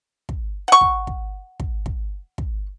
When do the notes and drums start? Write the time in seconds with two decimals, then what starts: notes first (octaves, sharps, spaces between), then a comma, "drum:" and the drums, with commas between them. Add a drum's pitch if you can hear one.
0.29 drum: kick
0.68 F#5 C#6
0.81 drum: kick
1.07 drum: kick
1.60 drum: kick
1.86 drum: kick
2.38 drum: kick